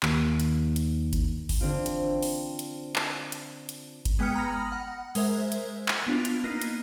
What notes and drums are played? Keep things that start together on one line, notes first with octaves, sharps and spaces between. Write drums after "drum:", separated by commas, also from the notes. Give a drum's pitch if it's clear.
D#2, drum: clap
drum: hi-hat
drum: hi-hat
drum: kick G1, hi-hat
drum: kick G1, open hi-hat
D3 C4 F4
drum: hi-hat
drum: open hi-hat
drum: hi-hat
drum: clap
drum: hi-hat
drum: hi-hat
drum: kick G1, hi-hat
G#3 B3 G5 D#6 F6 C#7
A#5 B5 D#6 F6 A#6
F#5
G#3 A#4 C5 E5, drum: open hi-hat
drum: hi-hat
drum: clap
B3 D4 F4
drum: hi-hat
A#3 B3 D#4 F6 C7
drum: hi-hat